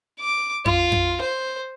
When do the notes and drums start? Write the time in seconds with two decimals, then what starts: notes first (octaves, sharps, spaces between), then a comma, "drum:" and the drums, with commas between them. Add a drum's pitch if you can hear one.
0.20 D6
0.66 F4, drum: tom F2
0.92 drum: tom F2
1.21 C5